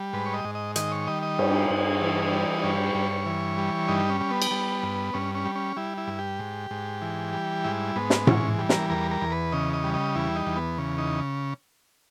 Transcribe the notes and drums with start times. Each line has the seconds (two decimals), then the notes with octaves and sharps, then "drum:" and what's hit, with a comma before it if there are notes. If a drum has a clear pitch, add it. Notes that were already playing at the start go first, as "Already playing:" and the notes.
Already playing: G3
0.13 G#2 B4
0.26 C#5
0.34 D#5
0.45 G#2
0.55 D#5
0.76 D#3 D#5, drum: hi-hat
0.92 C#5
1.07 G3 D#5
1.23 D#5
1.39 G2, drum: cymbal
1.70 G2
2.01 E3
2.32 G3
2.63 G2 C#5
2.95 G2
3.26 E3
3.58 G3
3.88 G2 D#4
4.10 C#4
4.21 G3
4.30 B3
4.42 drum: cymbal
4.51 G3
4.83 G2
5.14 G2 C#4
5.35 C#4
5.45 G3
5.55 C#4
5.76 G3 E4
5.98 E4
6.07 G2
6.19 G4
6.39 G#2
6.71 G#2
7.02 E3
7.33 G3
7.64 G#2 E4
7.96 G#2 B3
8.10 drum: snare
8.27 E3 C#4, drum: tom A2
8.58 G3
8.69 A#4, drum: snare
8.90 E2 A#4
9.11 A#4
9.21 E2
9.32 B4
9.52 C#3 D#5
9.73 D#5
9.84 G3
9.94 D#5
10.15 E2 E4
10.36 D#4
10.46 E2
10.56 B3
10.78 C#3
10.98 D#4